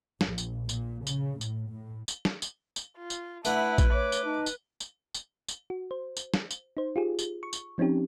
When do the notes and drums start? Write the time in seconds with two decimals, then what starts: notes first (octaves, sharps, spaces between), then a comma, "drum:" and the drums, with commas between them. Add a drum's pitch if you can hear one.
0.21 A#1, drum: snare
0.38 drum: tambourine
0.69 A#2, drum: tambourine
1.07 C#3, drum: tambourine
1.41 A2, drum: tambourine
1.70 A2
2.08 drum: tambourine
2.25 drum: snare
2.42 drum: tambourine
2.76 drum: tambourine
2.98 F4
3.10 drum: tambourine
3.45 A3 D4 E4 B4 F#5 A5, drum: tambourine
3.78 drum: kick A#1, tambourine
3.93 C#5 D6
4.12 drum: tambourine
4.25 D#4 A5
4.46 drum: tambourine
4.80 drum: tambourine
5.14 drum: tambourine
5.48 drum: tambourine
5.70 F#4
5.91 C5
6.17 drum: tambourine
6.34 drum: snare
6.51 drum: tambourine
6.77 D#4 C5
6.96 F4 G4 G#4
7.19 drum: tambourine
7.43 C#6
7.53 drum: tambourine
7.78 F3 C4 C#4 D#4 G4